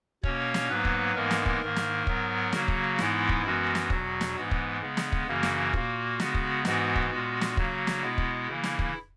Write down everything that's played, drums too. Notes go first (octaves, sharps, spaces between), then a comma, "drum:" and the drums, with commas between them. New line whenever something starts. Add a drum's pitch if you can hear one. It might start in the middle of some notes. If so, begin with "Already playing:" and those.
B2 A#3 C#4 C#5, drum: kick
drum: snare
G#2 F#3 A#3 B3 B4
drum: kick
G#2 E3 G#3 A#3 B3 A#4
drum: snare
drum: kick
G#2 D#3 A#3
drum: snare
G#2 F#3 B3, drum: kick
C#3 F#3 A#3 F#4, drum: snare
drum: kick
G#2 E3 G#3 B3 E4, drum: snare
drum: kick
F#2 E3 G#3 B3 F#4
drum: snare
E2 B2 F#3, drum: kick
drum: snare
G#2 E3 G#3 B3
drum: kick
C#3 G#3 B3
drum: snare
drum: kick
F#2 C#3 E3 A#3 F#4
drum: snare
A#2 A#3, drum: kick
C#3 G#3 B3, drum: snare
drum: kick
G#2 E3 G#3 B3 F#4, drum: snare
drum: kick
A#2 G#3 B3
drum: snare
C#3 F#3 A#3, drum: kick
drum: snare
B2 G#3 B3 E4
drum: kick
C#3 E3 A#3
drum: snare
drum: kick